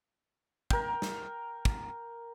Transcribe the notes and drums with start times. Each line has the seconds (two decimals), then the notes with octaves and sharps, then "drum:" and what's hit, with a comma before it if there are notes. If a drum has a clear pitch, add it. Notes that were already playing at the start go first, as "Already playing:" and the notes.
0.70 A#4 G5, drum: kick
1.02 drum: snare
1.65 drum: kick